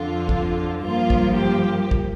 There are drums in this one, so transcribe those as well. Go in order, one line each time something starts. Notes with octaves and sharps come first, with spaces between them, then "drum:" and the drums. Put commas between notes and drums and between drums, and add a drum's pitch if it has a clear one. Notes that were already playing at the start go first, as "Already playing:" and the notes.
Already playing: F2 D3 F3 F4
drum: kick
G2 F3 A#3 F4
drum: kick
G4
drum: kick